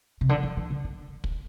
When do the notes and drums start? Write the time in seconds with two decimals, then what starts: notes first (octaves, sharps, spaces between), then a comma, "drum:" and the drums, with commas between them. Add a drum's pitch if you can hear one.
0.21 C3
0.29 D3
0.43 E3
0.57 E3
0.70 D3
0.84 D3
1.24 drum: kick